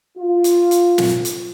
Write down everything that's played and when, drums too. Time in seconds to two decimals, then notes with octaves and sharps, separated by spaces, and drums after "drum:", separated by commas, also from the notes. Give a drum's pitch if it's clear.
0.17 F4
0.44 drum: hi-hat
0.71 drum: hi-hat
0.98 drum: snare
1.25 drum: hi-hat